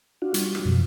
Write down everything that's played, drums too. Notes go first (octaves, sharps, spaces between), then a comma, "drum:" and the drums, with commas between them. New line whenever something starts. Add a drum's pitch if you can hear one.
D4 F4 F#4
G3, drum: hi-hat
drum: rim click
F#2 B2 F3